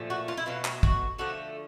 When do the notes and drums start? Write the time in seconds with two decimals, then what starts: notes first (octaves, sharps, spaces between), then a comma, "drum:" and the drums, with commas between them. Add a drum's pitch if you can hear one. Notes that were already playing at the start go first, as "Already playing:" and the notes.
Already playing: A#2 F3 A3
0.10 F#4
0.28 F4
0.37 E4
0.46 B2 F#3 A3 F4
0.65 drum: clap
0.83 F#4, drum: kick
1.18 D3 F3 A3 F#4